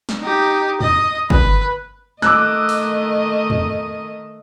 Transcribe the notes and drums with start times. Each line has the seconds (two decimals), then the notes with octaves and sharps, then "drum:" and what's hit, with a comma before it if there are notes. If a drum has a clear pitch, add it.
0.09 drum: snare
0.20 D#4 G4
0.80 D#5, drum: tom E2
1.30 B4, drum: kick G1
2.22 D#3 A3 D#5 D6 E6 F#6, drum: snare
2.69 drum: open hi-hat
3.50 drum: tom E2